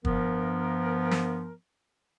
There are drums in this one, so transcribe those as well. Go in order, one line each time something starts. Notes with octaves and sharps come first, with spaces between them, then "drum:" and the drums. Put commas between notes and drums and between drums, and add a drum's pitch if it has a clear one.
G2 F3 B3 A#4, drum: kick
drum: snare